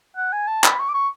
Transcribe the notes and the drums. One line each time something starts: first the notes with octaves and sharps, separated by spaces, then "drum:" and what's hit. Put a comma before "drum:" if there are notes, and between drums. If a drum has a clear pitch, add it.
F#5
G#5
A5
B5, drum: clap
C#6
D6
C#6